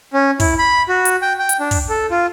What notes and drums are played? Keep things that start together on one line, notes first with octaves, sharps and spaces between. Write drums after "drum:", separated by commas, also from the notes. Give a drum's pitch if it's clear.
C#4
E4, drum: kick, open hi-hat
B5
F#4
drum: hi-hat
G5
G5
drum: hi-hat
D4
drum: kick, open hi-hat
A4
F4